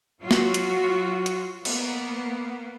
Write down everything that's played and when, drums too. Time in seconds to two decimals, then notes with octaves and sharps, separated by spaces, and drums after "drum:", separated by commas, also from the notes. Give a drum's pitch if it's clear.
0.21 F#3 F4 F#4
0.31 drum: snare
0.54 drum: hi-hat
1.26 drum: hi-hat
1.65 A#3 B3, drum: cymbal